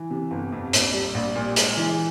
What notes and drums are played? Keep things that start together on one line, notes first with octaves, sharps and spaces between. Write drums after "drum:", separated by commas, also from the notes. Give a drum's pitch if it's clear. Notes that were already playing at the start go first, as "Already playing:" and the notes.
Already playing: E3
C3
G1
F2
A#1, drum: hi-hat
G3
A#1
A#2
G#3, drum: hi-hat
E3